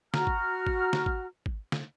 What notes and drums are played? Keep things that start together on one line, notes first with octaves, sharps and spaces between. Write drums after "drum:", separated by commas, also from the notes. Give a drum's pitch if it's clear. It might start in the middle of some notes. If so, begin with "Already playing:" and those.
F#4 A#5 F6, drum: snare
drum: kick G#1
drum: kick G#1
drum: snare
drum: kick G#1
drum: kick G#1
drum: snare